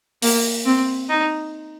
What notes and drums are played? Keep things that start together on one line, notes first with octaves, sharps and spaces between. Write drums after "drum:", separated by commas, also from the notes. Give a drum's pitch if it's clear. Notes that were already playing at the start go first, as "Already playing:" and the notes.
A#3, drum: open hi-hat
C4
D#4